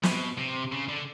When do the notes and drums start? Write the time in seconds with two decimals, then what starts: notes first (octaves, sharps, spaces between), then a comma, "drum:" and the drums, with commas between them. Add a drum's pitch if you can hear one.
0.03 B2, drum: snare
0.38 C3
0.72 C#3
0.88 D3